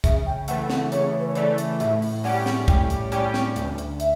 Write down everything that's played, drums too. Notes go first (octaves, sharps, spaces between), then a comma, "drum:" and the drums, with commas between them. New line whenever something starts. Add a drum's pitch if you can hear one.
C#3 E5, drum: kick, hi-hat
G5
E3 A3 F#5, drum: hi-hat
F#5, drum: snare
C#3 C#5, drum: hi-hat
B4
C#5
E3 A3 D5, drum: hi-hat
drum: hi-hat
A2 E5, drum: hi-hat
drum: open hi-hat
G3 C#4 G4 F#5, drum: open hi-hat
drum: snare
A2 G5, drum: kick, hi-hat
drum: hi-hat
G3 C#4 G4 G5, drum: hi-hat
drum: snare
D2, drum: hi-hat
drum: hi-hat
E5, drum: hi-hat